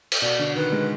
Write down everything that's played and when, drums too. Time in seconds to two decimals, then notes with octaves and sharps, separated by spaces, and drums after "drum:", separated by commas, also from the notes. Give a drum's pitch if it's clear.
0.12 drum: cymbal
0.22 B2 D5
0.39 D3
0.55 D#3 B4
0.72 G#3